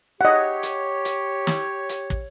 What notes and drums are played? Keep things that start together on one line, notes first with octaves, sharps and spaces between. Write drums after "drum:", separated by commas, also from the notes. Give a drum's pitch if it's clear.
G4 C#5 D#5 F#5
drum: hi-hat
drum: hi-hat
drum: snare
drum: hi-hat
drum: kick